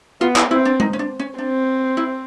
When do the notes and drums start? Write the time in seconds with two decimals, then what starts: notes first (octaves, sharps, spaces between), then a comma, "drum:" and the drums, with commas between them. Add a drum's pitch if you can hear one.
0.21 B3 F4
0.36 E4, drum: clap
0.51 C4 E4
0.65 D4
0.80 D#4, drum: tom G#3
0.93 C#4
0.99 D4
1.20 C#4
1.38 C4 D4
1.97 E4